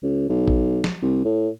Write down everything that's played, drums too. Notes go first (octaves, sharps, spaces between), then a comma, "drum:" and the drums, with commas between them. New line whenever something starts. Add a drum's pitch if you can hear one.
C#2
B1
drum: kick A1
drum: snare
C2
A2